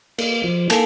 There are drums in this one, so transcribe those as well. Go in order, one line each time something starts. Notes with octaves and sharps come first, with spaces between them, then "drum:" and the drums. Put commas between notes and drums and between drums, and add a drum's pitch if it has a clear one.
A#3, drum: cymbal
F3
A#3 A4, drum: cymbal